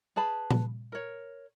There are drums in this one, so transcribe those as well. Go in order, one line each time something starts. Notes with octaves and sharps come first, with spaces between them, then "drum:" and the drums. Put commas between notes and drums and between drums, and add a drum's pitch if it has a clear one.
G#4 B4 A5 B5
drum: tom A#2
A#4 C#5